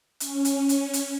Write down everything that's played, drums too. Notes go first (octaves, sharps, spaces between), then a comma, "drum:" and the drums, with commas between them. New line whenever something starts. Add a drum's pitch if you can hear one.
C#4, drum: hi-hat
drum: hi-hat
drum: hi-hat
drum: hi-hat